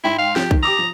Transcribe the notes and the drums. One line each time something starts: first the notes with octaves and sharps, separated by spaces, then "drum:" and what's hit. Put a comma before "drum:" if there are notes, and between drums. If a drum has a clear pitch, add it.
G#2 E4 G5 C6
F5
F3 G4, drum: snare
D#3, drum: kick B1
G4 A#5 D6 D#6
F3